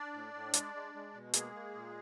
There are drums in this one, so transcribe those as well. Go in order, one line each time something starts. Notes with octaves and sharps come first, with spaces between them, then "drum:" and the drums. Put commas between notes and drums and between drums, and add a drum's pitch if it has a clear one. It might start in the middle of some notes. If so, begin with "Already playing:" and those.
Already playing: D4 D5
A2
A2
G#3, drum: hi-hat
G#3
G#3
B2
G#3 A#3 G#4, drum: hi-hat
A#3
A#2